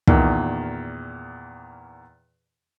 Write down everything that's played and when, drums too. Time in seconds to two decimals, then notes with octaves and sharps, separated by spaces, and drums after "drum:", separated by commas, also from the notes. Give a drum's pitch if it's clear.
0.07 E2 A#2 D#3, drum: kick